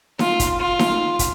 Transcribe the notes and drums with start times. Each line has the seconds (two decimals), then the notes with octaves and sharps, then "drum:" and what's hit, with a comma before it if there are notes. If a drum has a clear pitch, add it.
0.19 F4, drum: snare D#4
0.39 drum: kick, hi-hat
0.59 F4
0.79 drum: snare D#4
1.19 drum: kick, hi-hat